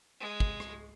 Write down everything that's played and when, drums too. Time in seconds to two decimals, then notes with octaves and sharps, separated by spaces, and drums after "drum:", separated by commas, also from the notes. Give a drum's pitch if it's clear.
0.21 G#3
0.40 drum: kick
0.60 drum: rim click